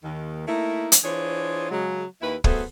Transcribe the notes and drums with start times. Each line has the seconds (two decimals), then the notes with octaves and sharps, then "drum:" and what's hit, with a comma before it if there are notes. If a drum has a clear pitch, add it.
0.04 D#2 D#3
0.47 A3 A#3 D#4 E4
0.92 drum: hi-hat
1.04 E3 D4 F4 G#4 C5 C#5
1.71 C#3 F#3 G#3
2.22 D#2 E4 B4
2.44 F#3 A3 B3 G#4 A4 C5, drum: kick